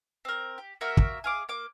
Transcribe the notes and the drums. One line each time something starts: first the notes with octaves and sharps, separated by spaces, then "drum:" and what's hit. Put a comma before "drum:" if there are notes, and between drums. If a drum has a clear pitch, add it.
C4 A#4
G4
A#3 F#4 A#4 E5
drum: kick
G#4 F5 D6
A#3 D6